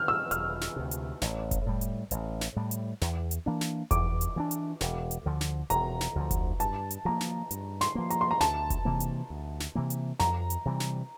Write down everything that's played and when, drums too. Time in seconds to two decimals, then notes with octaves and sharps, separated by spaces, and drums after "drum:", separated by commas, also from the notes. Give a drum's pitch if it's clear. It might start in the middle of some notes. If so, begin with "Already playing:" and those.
Already playing: F6 G6
0.08 E6
0.31 E1 F6, drum: hi-hat
0.61 drum: snare
0.76 D2 C3
0.91 drum: hi-hat
1.21 A1, drum: snare
1.51 drum: kick F1, hi-hat
1.66 A2 G3
1.81 drum: hi-hat
2.11 A1, drum: hi-hat
2.41 drum: snare
2.56 A2 G3
2.71 drum: hi-hat
3.01 E2, drum: snare
3.31 drum: hi-hat
3.46 E3 A#3 D4
3.61 drum: snare
3.91 E2 D6, drum: kick F1, hi-hat
4.21 drum: hi-hat
4.36 E3 A#3 D4
4.51 drum: hi-hat
4.81 E1, drum: snare
5.11 drum: hi-hat
5.25 D2 D3 F3
5.41 drum: snare
5.70 E1 A#5, drum: hi-hat
6.01 drum: snare
6.15 D2 D3 F3
6.31 drum: kick F1, hi-hat
6.60 G2 A5, drum: hi-hat
6.91 drum: hi-hat
7.05 F3 A#3 A#5
7.21 drum: snare
7.51 G2, drum: hi-hat
7.81 C6, drum: snare
7.95 F3 A#3
8.10 A#5, drum: hi-hat
8.21 C6
8.31 A#5
8.41 D2 A5, drum: snare
8.70 drum: kick F1, hi-hat
8.85 C3 E3 A#3
9.00 drum: hi-hat
9.30 D2
9.60 drum: snare
9.75 C3 E3 A#3
9.90 drum: hi-hat
10.20 F2 A#5, drum: snare
10.50 drum: hi-hat
10.65 C3 E3 G3
10.80 drum: snare